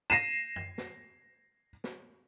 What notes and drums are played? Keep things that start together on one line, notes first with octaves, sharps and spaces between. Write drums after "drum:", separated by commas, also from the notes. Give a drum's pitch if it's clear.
A#6 C7 D#7 E7
drum: tom F#2
drum: snare
drum: snare